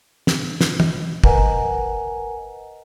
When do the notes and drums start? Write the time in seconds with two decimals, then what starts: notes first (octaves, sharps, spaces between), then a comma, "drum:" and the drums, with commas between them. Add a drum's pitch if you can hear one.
0.27 drum: snare
0.61 drum: snare
0.80 drum: tom
1.24 A#4 B4 D#5 F#5 G#5 A#5, drum: kick